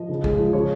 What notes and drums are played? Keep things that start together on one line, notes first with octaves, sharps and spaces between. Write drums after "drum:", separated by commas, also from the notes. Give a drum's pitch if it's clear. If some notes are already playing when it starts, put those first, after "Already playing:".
Already playing: F3 D#5
C#3
G#3, drum: kick
F3
C#3 C#5